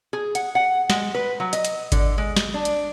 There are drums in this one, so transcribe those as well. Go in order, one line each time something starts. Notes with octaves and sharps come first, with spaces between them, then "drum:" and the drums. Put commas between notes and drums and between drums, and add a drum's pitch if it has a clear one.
G#4
F#5, drum: hi-hat
F#5
G#3, drum: snare
B4
F#3
D#5, drum: hi-hat
drum: hi-hat
D3, drum: kick G#1, hi-hat
G#3
drum: snare
D4
drum: hi-hat